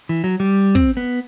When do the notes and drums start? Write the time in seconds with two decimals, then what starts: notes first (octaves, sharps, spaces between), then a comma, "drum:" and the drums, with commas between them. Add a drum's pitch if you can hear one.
0.09 E3
0.24 F#3
0.40 G3
0.75 C4, drum: kick
0.97 B3